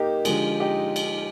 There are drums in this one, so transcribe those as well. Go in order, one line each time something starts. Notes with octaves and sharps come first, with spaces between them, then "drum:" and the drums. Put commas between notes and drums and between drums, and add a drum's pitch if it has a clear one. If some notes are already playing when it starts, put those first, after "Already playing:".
Already playing: A#3 D#4 G4
D3 F3 G#3, drum: cymbal
D#4 G4
drum: cymbal